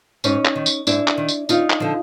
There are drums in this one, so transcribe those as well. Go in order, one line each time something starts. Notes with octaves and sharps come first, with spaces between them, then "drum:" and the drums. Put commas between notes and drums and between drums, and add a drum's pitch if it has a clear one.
G#2 C#4 D#4, drum: tambourine
drum: clap
D#3
drum: tambourine
G#2 D4 E4, drum: tambourine
drum: clap
D#3
drum: tambourine
D#2 D#4 F4, drum: tambourine
drum: clap
D3 F3